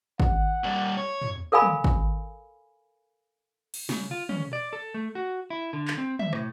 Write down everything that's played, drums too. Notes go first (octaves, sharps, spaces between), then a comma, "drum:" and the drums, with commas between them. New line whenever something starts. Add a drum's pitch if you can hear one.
F#5, drum: kick
A#2 G3
C#5
drum: tom
A4 A#4 F5 G#5 B5
drum: tom
drum: kick
drum: cymbal
C#3, drum: snare
F4
C#4, drum: tom
D5
A4
A3
F#4
E4
D3
drum: clap
C4
E5, drum: tom
A2, drum: rim click